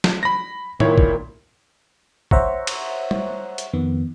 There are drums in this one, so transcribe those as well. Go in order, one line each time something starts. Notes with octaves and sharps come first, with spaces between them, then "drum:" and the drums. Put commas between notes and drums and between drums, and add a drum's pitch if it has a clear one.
drum: snare
B5 A#6
A#2 D#3 E4 C#5, drum: tom A2
drum: kick
C5 C#5 E5 F#5 A#5 C#6, drum: kick
drum: cymbal
drum: tom G3
drum: hi-hat
F2 D#3 B3